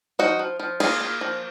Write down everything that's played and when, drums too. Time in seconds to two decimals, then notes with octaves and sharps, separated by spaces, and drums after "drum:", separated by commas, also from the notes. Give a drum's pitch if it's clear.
0.19 F3 D#4 F#4
0.39 F3
0.60 F3
0.80 A#3 F4 G#4, drum: cymbal
1.01 A#3
1.21 F3